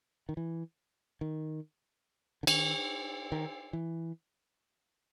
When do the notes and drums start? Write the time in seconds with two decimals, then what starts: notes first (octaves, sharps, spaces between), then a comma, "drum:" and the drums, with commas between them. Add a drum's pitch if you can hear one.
0.29 D#3
0.37 E3
1.21 D#3
2.43 D3
2.47 D#3, drum: cymbal
3.32 D#3
3.73 E3